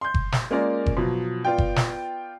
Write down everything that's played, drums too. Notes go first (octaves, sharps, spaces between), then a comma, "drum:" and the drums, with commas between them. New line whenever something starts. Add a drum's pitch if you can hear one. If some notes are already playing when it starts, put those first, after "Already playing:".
C6 G6
drum: kick F#1
drum: snare
G#3 A#3 C#4 F4 A#4 D5
drum: kick F#1
B2 F3 F#3
B3 F4 D5 G5
drum: kick F#1
drum: snare